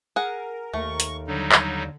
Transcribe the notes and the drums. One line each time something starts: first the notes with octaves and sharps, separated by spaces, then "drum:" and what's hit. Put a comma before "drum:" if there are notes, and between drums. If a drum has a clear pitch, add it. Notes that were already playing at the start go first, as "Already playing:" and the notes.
G#4 A#4 F#5
D#2 A3 C#6
drum: hi-hat
D3 F#3 G3 D#4
drum: clap